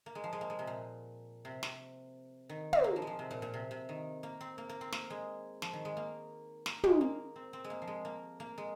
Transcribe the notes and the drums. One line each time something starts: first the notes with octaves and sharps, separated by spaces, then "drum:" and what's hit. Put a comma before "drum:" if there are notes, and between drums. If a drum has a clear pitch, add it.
A#3
G#3
F3
G#3
A#3
G#3
C3
A#2
C3
C3, drum: snare
D#3
C4, drum: tom
A#3
F3
G#3
F3
C3
A#2
A#2
C3
C3
D#3
A#3
C4
A#3
A#3
C4
A#3, drum: snare
G#3
F3, drum: snare
D#3
G#3
A#3
A#3, drum: snare
G#3, drum: tom
A#3
C4
C4
G#3
A#3
F3
G#3
A#3
A#3
G#3